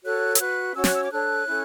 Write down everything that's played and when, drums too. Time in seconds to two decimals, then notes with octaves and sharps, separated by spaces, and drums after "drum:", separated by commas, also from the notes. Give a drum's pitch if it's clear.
0.04 F#4 A4 C#5 F#6
0.35 E6, drum: hi-hat
0.39 F#4 B4 F#6
0.75 C#4 F#4 C#5 E6
0.84 F#6, drum: snare
0.93 E6
1.02 D6
1.10 D4 A4 C#5 F#6
1.47 C#4 E4 A4